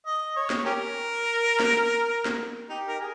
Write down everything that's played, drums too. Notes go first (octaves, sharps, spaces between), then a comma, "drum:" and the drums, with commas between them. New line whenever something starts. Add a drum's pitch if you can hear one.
D#5
C#5
drum: snare
C#4 G4 A#4
drum: snare
drum: snare
D#4 G4
A#4
G#4